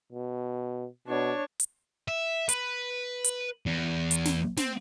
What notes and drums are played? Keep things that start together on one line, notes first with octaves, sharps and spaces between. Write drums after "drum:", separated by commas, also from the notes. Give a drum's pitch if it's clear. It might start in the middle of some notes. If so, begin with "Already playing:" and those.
B2
B2 D4 C#5
drum: hi-hat
E5
B4, drum: hi-hat
drum: hi-hat
E2
drum: hi-hat
drum: snare
C4, drum: snare